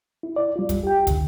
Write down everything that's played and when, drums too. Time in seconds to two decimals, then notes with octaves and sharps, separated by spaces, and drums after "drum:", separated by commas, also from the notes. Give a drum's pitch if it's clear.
0.23 E4
0.36 D5
0.56 G3 F4
0.69 drum: kick, hi-hat
0.84 G4 G5
1.07 D2 D3, drum: kick, hi-hat